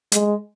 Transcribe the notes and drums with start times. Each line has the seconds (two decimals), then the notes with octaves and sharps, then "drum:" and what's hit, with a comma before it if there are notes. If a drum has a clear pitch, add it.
0.12 G#3, drum: hi-hat